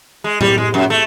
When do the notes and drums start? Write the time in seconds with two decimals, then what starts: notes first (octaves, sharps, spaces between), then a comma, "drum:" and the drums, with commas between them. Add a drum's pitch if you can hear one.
0.24 G#3
0.41 G3, drum: tom A2
0.58 G#3
0.74 F#2
0.90 A3